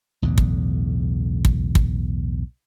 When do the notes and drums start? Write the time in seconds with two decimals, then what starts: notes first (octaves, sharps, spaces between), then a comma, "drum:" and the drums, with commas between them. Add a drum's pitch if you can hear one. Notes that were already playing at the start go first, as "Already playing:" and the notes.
0.22 B1 E2 A2 D3
0.38 drum: kick
1.45 drum: kick
1.75 drum: kick